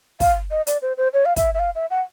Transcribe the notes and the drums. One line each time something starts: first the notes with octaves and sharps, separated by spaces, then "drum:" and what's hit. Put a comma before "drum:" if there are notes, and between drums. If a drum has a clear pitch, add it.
F5, drum: kick, open hi-hat
D#5
D5, drum: hi-hat
C5
C5
C#5
F5
E5, drum: kick, hi-hat
E5
F5
E5
F#5